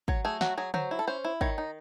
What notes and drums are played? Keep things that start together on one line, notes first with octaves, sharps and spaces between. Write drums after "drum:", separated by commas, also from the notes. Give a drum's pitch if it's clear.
F#3 C#5, drum: kick
A3 G#4
F#3 F#4, drum: snare
F#3 G#4
F#3 C5, drum: tom
E4
A4
C#4 C5
E4
D#3 C#5, drum: kick
D#4